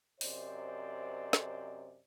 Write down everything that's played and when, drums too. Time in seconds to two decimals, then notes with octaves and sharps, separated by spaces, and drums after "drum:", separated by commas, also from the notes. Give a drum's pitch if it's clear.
0.21 F#2 C3 C5 D5 D#5, drum: open hi-hat
1.33 drum: snare